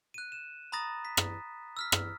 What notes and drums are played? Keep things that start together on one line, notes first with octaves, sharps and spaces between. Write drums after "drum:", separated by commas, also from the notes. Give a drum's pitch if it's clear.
F#6 D#7
E7
A#5 B5 D#6 A6 A#6
B6
drum: rim click
E6 F6 B6
drum: rim click